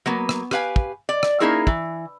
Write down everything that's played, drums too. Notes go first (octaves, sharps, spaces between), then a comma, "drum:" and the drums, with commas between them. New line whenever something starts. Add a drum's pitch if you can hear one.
F#3 A#3 B3
drum: rim click
G4 B4 F5 G#5, drum: rim click
drum: kick
D5
drum: rim click
A#3 C#4 D#4 E4 G#4 A#4
E3, drum: kick